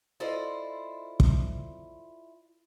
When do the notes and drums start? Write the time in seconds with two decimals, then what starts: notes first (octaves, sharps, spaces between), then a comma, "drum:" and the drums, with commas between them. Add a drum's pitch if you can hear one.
0.20 E4 F4 A4 C5 D5 D#5
1.20 drum: kick